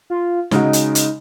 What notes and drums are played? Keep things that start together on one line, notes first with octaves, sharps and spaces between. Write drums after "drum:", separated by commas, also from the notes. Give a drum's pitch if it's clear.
F4
C#3 G#3 D#4 F#4, drum: snare
drum: hi-hat
drum: hi-hat